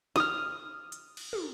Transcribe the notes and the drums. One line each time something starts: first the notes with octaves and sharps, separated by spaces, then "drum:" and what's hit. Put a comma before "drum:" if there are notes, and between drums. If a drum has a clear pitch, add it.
D#6 F6, drum: snare
drum: hi-hat
drum: cymbal
drum: tom